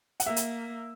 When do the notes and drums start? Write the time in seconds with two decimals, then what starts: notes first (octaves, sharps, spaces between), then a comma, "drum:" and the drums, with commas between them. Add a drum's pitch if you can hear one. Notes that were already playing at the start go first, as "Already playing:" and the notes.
0.20 F#5, drum: hi-hat
0.26 A#3 E5
0.36 drum: hi-hat